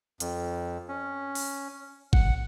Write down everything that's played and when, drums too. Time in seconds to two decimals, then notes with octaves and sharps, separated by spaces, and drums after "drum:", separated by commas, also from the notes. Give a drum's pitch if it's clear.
0.20 F2, drum: hi-hat
0.89 C#4
1.35 drum: open hi-hat
2.13 F#5, drum: kick G#1